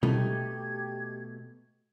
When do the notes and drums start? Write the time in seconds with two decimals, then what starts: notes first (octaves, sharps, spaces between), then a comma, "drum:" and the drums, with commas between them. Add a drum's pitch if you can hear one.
0.03 B2 A3 D#4 G4 G#6, drum: tom B2